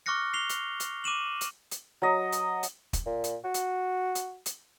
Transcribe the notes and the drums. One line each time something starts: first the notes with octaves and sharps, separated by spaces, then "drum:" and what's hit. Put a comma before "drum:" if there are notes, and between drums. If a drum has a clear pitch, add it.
C#6 D6 F6 F#6 A#6 C#7
C7 F7 G7
drum: hi-hat
drum: hi-hat
D6 D#7 E7 F#7
drum: hi-hat
drum: hi-hat
F#3 D#5
drum: hi-hat
drum: hi-hat
drum: kick, hi-hat
A#2
drum: hi-hat
F#4
drum: hi-hat
drum: hi-hat
drum: hi-hat